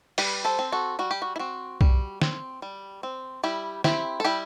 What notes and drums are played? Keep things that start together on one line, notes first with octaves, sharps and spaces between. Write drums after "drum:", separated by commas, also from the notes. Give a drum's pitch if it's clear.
G3 G4 B4, drum: open hi-hat
A4 C5
C4
F#4 A4
G3 F#4
G4
F#4
E4
C4 F#4
G3, drum: kick B1
C4, drum: snare
G3
C4
G3 E4 G4
C4 E4 G4, drum: snare
A4
G3 E4 G4